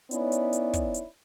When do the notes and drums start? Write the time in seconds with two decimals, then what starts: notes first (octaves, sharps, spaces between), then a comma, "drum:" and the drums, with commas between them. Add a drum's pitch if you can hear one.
0.11 B3 C#4 D#4 E4 C#5 D5, drum: hi-hat
0.32 drum: hi-hat
0.53 drum: hi-hat
0.73 drum: kick, hi-hat
0.94 drum: hi-hat